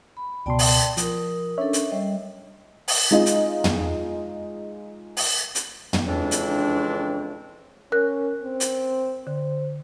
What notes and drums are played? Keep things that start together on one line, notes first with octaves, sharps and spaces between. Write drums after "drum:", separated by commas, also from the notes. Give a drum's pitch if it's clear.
B5
C#2 B2 D5 G5 A5 C6
drum: open hi-hat
F3 A#4 D#6, drum: hi-hat
C#4 D4 A4 C#5 E5
drum: hi-hat
G3 D#5
drum: open hi-hat
G#3 D#4 F4 D#5
drum: hi-hat
drum: tom
drum: open hi-hat
drum: hi-hat
drum: tom
F2 C#3 E3 G#3 C4 D4
drum: hi-hat
C#4 A#4 F#6
C4
drum: hi-hat
D3 C5